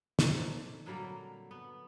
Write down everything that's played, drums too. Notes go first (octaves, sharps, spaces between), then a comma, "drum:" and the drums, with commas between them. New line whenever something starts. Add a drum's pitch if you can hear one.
A#2 D3 D#3 C4, drum: snare
D3 F#3 G3 A#3
B3